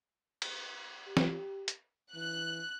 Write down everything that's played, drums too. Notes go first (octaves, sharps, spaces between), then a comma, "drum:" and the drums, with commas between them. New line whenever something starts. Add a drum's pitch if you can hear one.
drum: cymbal
G4
drum: snare
drum: hi-hat
E3 F#6